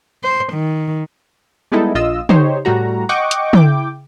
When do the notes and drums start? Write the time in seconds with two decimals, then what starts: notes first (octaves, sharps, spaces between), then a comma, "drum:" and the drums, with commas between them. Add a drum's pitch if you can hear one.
0.24 C5
0.53 D#3
1.72 G3 G#3 B3 D#4 E4 A4
1.95 A#1 F4 D#5 E6
2.29 D#4 G4 C5 C#5, drum: tom
2.65 A2 G3 A3 F#4 A#5
3.09 D#5 F#5 G5 C#6 D6
3.31 drum: hi-hat
3.53 E4 G5 D6, drum: tom